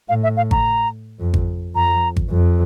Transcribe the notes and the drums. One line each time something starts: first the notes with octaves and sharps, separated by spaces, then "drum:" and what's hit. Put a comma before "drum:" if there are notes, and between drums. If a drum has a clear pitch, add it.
A2 F5
E5
F5
A#5, drum: kick G#1
F2
drum: kick G#1
F2 A#5
drum: kick G#1
F2